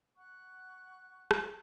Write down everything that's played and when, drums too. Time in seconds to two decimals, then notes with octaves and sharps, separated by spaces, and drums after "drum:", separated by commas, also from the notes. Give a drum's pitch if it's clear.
0.17 F#5 C#6 F#6
1.31 drum: rim click